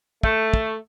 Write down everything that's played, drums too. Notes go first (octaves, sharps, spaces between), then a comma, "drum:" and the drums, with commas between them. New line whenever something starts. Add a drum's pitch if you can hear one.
A3, drum: kick
drum: kick